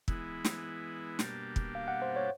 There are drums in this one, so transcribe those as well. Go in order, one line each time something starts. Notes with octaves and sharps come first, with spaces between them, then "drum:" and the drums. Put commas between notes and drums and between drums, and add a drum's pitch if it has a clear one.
E3 G#3 B3 E4, drum: kick
drum: snare
B2 G3 A#3 D4 G4, drum: snare
drum: kick
F5
F#5
C5
C#5